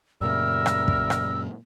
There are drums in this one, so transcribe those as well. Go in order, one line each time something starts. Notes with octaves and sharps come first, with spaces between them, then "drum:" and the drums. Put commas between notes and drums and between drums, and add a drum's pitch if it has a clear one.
F#2 A#2 C#3 G3 A3 A#4 E6
drum: rim click
drum: kick
drum: rim click